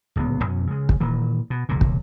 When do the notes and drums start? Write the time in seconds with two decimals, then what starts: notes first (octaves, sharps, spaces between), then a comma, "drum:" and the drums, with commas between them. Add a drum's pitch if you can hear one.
0.16 D1 C#2 A#2 B3
0.43 F2 B2 C#4
0.67 C#3 G#3
0.89 drum: kick
1.00 A#2 D#3 E3
1.50 B2
1.69 E1 C#2 A#2
1.81 drum: kick